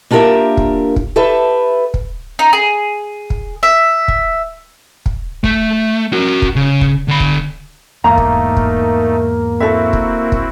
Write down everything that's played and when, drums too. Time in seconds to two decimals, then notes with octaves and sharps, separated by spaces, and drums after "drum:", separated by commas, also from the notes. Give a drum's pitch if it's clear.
0.11 A#3 D4 F4 G4 A#4 E5
0.57 drum: kick
0.96 drum: kick
1.16 G4 A4 B4 E5
1.94 drum: kick
2.39 D#4
2.53 G#4
3.30 drum: kick
3.63 E5
4.08 drum: kick
5.06 drum: kick
5.44 A3, drum: kick
6.13 F#4 A#4
6.42 drum: kick
6.56 C#3
6.81 drum: kick
7.08 D3 B5
7.20 drum: kick
8.04 E2 G#2 A3 A#3 D#4 A#5
8.18 drum: kick
8.57 drum: kick
9.60 C4 E4 F#4 A4 E5
9.93 drum: kick
10.32 drum: kick